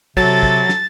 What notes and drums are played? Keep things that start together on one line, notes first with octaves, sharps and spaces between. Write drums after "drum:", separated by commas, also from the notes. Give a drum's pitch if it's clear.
C3 F#3 A4 A6, drum: kick
drum: kick
drum: snare